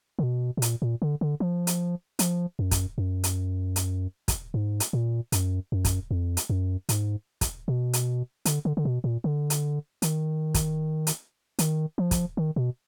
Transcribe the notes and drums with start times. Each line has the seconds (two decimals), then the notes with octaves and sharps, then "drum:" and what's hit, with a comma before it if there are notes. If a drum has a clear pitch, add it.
0.19 D3
0.23 B2
0.57 B2
0.62 A#2, drum: hi-hat
0.82 A#2
1.02 D3
1.21 D3
1.40 F3
1.67 drum: hi-hat
2.19 F3, drum: hi-hat
2.59 F#2
2.71 drum: kick, hi-hat
2.98 F#2
3.24 drum: hi-hat
3.76 drum: hi-hat
4.28 drum: kick, hi-hat
4.54 G#2
4.80 drum: hi-hat
4.93 A#2
5.32 F#2, drum: hi-hat
5.72 F#2
5.85 drum: kick, hi-hat
6.11 F2
6.37 drum: hi-hat
6.50 F#2
6.89 G#2, drum: hi-hat
7.41 drum: kick, hi-hat
7.68 B2
7.93 drum: hi-hat
8.45 D3, drum: hi-hat
8.65 D3
8.77 D3
8.85 B2
9.04 A#2
9.24 D3
9.50 drum: hi-hat
10.02 D#3, drum: hi-hat
10.54 drum: kick, hi-hat
11.07 drum: hi-hat
11.59 D#3, drum: hi-hat
11.98 F3
12.11 drum: kick, hi-hat
12.37 D#3
12.56 B2